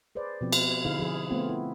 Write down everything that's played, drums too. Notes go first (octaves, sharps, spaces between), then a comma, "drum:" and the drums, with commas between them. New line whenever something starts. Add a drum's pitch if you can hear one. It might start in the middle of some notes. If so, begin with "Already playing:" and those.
G#4 B4 C5 D5
B2 F3 C4
drum: cymbal
D3 D#4 E4 G#4 F5
F3 F4 G#4
A3 B3 C4 F4
E4